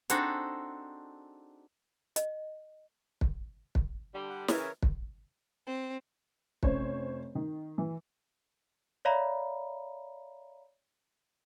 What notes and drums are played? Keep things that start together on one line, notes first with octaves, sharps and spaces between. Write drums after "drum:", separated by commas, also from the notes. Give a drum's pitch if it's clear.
C4 D4 D#4 F#4 G#4 A4, drum: hi-hat
D#5, drum: hi-hat
drum: kick
drum: kick
D3 G3
F#5
C#3 E3 A#4 C#5, drum: snare
drum: kick
C4
F1 C#4 C5 C#5, drum: kick
D#3
E3
C#5 D5 E5 F5 A#5 B5